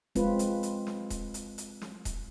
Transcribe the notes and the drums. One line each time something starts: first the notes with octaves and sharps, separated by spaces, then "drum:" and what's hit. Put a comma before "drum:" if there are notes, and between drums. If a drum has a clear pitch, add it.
G#3 C4 F4 B4, drum: kick D#1, hi-hat
drum: hi-hat
drum: hi-hat
drum: snare
drum: kick D#1, hi-hat
drum: hi-hat
drum: hi-hat
drum: snare
drum: kick D#1, hi-hat